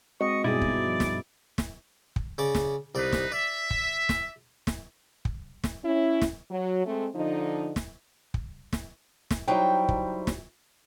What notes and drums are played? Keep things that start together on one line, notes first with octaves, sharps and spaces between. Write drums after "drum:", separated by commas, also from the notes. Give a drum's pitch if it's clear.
G#3 C4 F#4 D#5 C#6
G2 B2 D#4 E4 G#4 D5
drum: kick
F3
drum: snare
drum: snare
drum: kick
C#3 D5 D6
drum: snare
C2 D#4 B4 D5
drum: snare
D5 E5
drum: kick
drum: snare
drum: snare
drum: kick
drum: snare
C#4 E4
drum: snare
F#3
G#3 A3 C4
D3 F3 D#4
drum: snare
drum: kick
drum: snare
drum: snare
F#3 G3 D#4 E4 C5 G5
drum: kick
drum: snare